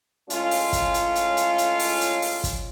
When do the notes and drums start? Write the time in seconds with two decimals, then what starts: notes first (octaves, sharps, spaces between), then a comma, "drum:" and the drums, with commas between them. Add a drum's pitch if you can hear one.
0.30 A2 G#3 C#4 F4, drum: hi-hat
0.51 drum: open hi-hat
0.73 drum: kick, hi-hat
0.94 drum: hi-hat
1.15 drum: hi-hat
1.37 drum: hi-hat
1.58 drum: hi-hat
1.80 drum: open hi-hat
2.01 drum: hi-hat
2.22 drum: open hi-hat
2.44 drum: kick, hi-hat